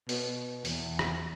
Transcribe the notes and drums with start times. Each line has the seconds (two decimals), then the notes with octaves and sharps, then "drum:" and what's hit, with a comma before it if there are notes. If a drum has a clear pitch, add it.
0.09 B2, drum: open hi-hat
0.65 E2, drum: open hi-hat
0.99 drum: rim click